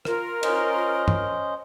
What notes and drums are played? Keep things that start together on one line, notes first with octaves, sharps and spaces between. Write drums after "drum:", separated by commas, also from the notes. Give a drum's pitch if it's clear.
F4 A#4, drum: rim click
C#4 C5 D#5, drum: cymbal
drum: tom